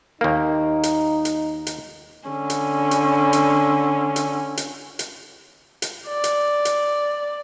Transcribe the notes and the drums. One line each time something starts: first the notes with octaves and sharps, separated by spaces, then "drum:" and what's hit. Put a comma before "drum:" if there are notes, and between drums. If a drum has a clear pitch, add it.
D#2 A#3 D#4
drum: hi-hat
drum: hi-hat
drum: hi-hat
D3 C#4
drum: hi-hat
drum: hi-hat
drum: hi-hat
drum: hi-hat
drum: hi-hat
drum: hi-hat
drum: hi-hat
D5
drum: hi-hat
drum: hi-hat